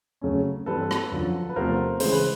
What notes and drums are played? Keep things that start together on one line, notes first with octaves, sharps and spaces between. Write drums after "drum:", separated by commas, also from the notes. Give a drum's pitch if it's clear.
F#2 C#3 F#3 A3 C#4
G2 E3 G3 C4 A4 B4
drum: rim click
F#2 D3 F3
B4
E2 C3 F3 A3 A#4 C5
C#3 E3 G#3 C5, drum: open hi-hat
B4